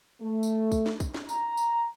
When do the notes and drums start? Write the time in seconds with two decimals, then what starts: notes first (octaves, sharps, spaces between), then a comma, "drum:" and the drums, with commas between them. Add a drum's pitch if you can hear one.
0.21 A3
0.43 drum: tambourine
0.72 drum: kick, tambourine
0.86 drum: snare
1.00 drum: kick, tambourine
1.14 drum: snare
1.29 A#5, drum: tambourine
1.57 drum: tambourine